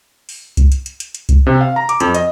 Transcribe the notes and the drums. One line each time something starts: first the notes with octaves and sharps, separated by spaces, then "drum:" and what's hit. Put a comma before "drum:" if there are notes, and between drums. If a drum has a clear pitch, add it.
drum: open hi-hat
drum: kick C2, hi-hat
drum: hi-hat
drum: hi-hat
drum: hi-hat
drum: hi-hat
drum: kick C2, hi-hat
C3
F5
A#5
D6, drum: hi-hat
F2, drum: hi-hat
D#5, drum: hi-hat